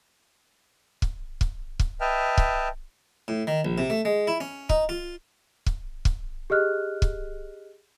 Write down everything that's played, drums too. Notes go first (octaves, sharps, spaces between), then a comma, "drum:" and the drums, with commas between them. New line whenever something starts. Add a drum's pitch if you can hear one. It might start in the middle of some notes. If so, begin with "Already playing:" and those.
drum: kick
drum: kick
drum: kick
B4 D#5 E5 G5 A5 F6
drum: kick
A2
D#3
A#1
C3
A3
G#3
E4
C#4
D#4, drum: kick
F4
drum: kick
drum: kick
G4 G#4 D#5 F6 F#6
drum: kick